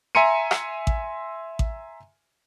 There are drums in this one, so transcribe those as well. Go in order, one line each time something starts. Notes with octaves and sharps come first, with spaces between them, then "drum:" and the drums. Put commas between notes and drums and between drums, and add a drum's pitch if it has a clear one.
E5 G#5 A#5 C6 C#7 D#7
drum: rim click
drum: kick A1
drum: kick A1